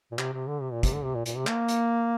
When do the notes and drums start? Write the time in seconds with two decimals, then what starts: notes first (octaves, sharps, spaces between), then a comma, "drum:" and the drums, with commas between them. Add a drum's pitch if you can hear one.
0.12 A#2
0.19 C3, drum: clap
0.33 C3
0.47 D3
0.62 C3
0.72 A#2
0.83 C3, drum: kick, hi-hat
0.93 D3
1.04 C3
1.15 A#2
1.26 A#2, drum: hi-hat
1.36 C3
1.47 A#3, drum: clap
1.68 drum: hi-hat